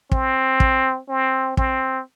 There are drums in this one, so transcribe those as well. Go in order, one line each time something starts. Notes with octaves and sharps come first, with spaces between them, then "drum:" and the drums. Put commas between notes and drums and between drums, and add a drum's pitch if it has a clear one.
C4, drum: kick
drum: kick
C4
C4, drum: kick